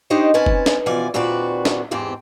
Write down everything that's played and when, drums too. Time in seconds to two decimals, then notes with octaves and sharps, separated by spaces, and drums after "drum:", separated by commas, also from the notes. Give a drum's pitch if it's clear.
0.10 D4 D#4 G4 C5 C#5 D#5
0.34 C4 C#4 B4 G#5 A5
0.46 drum: kick
0.66 drum: snare
0.86 B2 E3 F3 D5 G#5
1.14 D#2 A#2 C4 F#4 B4 D5
1.65 drum: snare
1.91 E2 G#2 C4 G4